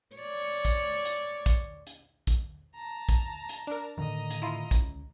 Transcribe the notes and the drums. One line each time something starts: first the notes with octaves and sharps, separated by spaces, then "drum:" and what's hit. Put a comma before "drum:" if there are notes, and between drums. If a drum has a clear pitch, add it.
C#5 D5
drum: kick, hi-hat
drum: hi-hat
drum: kick, hi-hat
drum: hi-hat
drum: kick, hi-hat
A5 A#5
drum: kick, hi-hat
drum: hi-hat
D4 A#4
A2 D3 D#3 D#5 A#5
drum: hi-hat
E4 F4
C#2, drum: kick, hi-hat